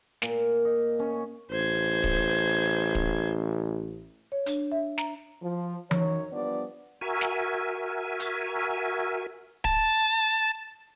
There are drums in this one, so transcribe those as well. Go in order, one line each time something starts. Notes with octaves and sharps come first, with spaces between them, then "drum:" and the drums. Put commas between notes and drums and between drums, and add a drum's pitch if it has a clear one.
A#2, drum: snare
D#5
C#4
A1 C5 G#6
drum: kick
drum: kick
C#5
D4, drum: hi-hat
E5
A#5, drum: snare
F3
F#2 D#4 C#5, drum: tom E3
F3 G3 B3 D4 D5
F#4 A#4 E5 G#5
drum: snare
drum: hi-hat
A5, drum: kick